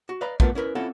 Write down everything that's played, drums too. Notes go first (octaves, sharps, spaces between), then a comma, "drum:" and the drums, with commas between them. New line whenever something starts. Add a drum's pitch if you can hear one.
F#4
B4 D5 D#5 F5 A#5 B5
A3 B3 F4 A#4 B4, drum: kick
C#4 E4 A#4 B4
C4 C#4 E4 F4 A4 F#5